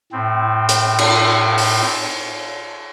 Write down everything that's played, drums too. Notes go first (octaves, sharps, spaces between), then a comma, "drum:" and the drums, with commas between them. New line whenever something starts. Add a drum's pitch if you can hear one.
A2 C4
drum: hi-hat
drum: cymbal
drum: open hi-hat